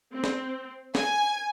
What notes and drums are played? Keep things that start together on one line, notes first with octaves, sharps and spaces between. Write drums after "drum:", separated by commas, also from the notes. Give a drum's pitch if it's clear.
C4
drum: snare C#4
G#5, drum: snare C#4